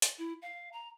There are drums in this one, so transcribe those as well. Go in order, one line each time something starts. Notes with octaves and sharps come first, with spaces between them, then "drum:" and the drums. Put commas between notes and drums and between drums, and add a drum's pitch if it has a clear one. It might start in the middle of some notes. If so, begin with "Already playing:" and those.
drum: hi-hat
E4
F5
A#5